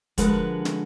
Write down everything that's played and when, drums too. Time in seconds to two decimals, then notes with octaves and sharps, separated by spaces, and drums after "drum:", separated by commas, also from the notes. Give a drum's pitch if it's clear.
0.18 D3 F3 G#3 F#4 A#4 B4, drum: kick, hi-hat
0.65 drum: snare